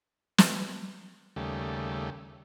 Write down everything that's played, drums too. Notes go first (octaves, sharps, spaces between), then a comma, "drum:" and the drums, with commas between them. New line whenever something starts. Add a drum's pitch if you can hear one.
drum: snare
D#2 C#3 G3 A3